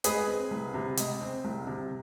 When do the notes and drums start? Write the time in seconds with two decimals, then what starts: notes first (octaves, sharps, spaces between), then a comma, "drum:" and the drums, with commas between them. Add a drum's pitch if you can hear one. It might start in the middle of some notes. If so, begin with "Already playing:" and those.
0.04 G#3 G#4 B4, drum: hi-hat
0.27 C4
0.51 C2
0.74 C3
0.97 G#3, drum: hi-hat
1.21 C4
1.44 C2
1.67 C3